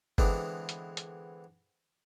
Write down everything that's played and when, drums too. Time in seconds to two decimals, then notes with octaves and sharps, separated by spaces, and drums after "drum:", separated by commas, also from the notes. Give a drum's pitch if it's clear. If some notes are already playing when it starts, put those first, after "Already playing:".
0.18 D3 E3 G#3 B3 C4 D4, drum: kick G1
0.69 drum: hi-hat
0.97 drum: hi-hat